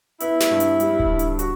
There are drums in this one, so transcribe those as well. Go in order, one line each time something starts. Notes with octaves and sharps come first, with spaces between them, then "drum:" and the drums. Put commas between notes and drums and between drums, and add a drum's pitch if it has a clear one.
B3 E4, drum: hi-hat
drum: snare
G2
drum: hi-hat
G3, drum: hi-hat
drum: kick D1
D3
drum: hi-hat
F#4, drum: hi-hat